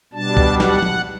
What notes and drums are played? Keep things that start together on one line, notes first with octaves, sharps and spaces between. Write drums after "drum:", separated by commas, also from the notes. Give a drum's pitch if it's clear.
B2 G3 D4 A5
drum: kick C2
F#5, drum: snare
drum: tom